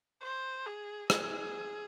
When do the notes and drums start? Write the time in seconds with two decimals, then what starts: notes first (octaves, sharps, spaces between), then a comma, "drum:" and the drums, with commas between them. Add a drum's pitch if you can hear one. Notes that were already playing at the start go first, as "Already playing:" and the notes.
0.22 C5
0.66 G#4
1.10 G#4, drum: rim click